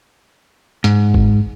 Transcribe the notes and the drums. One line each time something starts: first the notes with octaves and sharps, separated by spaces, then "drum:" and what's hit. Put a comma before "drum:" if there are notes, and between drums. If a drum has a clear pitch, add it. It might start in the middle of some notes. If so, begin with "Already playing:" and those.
G#2, drum: hi-hat
drum: kick G1